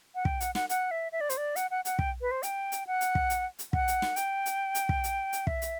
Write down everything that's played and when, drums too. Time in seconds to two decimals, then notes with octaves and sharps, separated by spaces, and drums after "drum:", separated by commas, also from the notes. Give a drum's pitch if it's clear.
0.15 F#5
0.25 G5, drum: kick
0.40 F#5, drum: hi-hat
0.55 F#5, drum: snare
0.69 F#5, drum: hi-hat
0.91 E5
1.12 E5
1.21 D5
1.30 C5, drum: hi-hat
1.37 D5
1.56 F#5, drum: hi-hat
1.71 F#5
1.85 F#5, drum: hi-hat
1.99 G5, drum: kick
2.21 B4
2.31 C5
2.43 G5, drum: hi-hat
2.72 drum: hi-hat
2.87 F#5
3.01 drum: hi-hat
3.15 drum: kick
3.30 drum: hi-hat
3.59 drum: hi-hat
3.73 F#5, drum: kick
3.88 drum: hi-hat
4.02 drum: snare
4.16 G5, drum: hi-hat
4.46 drum: hi-hat
4.75 drum: hi-hat
4.89 drum: kick
5.04 drum: hi-hat
5.33 drum: hi-hat
5.47 E5, drum: kick
5.62 drum: hi-hat